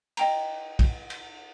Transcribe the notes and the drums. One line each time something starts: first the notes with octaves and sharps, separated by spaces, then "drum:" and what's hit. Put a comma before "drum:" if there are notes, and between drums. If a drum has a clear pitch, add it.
D#5 G5 A#5, drum: cymbal
drum: kick, cymbal
drum: cymbal